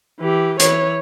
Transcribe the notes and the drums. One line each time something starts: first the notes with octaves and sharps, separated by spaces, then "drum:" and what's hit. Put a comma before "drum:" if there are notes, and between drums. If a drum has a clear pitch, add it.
E3 G4
E3 C#5, drum: hi-hat